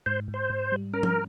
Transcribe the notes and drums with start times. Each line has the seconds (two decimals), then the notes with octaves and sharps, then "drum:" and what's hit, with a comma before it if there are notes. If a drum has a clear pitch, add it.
0.06 G#2 C5
0.28 G#2
0.34 C5
0.50 G#2
0.72 G3
0.93 C#4 A#4
1.03 drum: tom F3